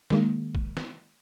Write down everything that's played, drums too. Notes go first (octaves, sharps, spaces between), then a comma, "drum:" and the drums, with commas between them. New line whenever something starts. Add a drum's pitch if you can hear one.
D#3 G#3 A#3, drum: snare
drum: kick
drum: snare